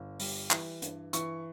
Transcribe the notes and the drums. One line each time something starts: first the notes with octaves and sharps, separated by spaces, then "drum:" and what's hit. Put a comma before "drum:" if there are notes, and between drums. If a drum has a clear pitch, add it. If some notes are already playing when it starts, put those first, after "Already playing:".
Already playing: G1
G3, drum: open hi-hat
E3, drum: clap
G2, drum: hi-hat
E3 C#6, drum: hi-hat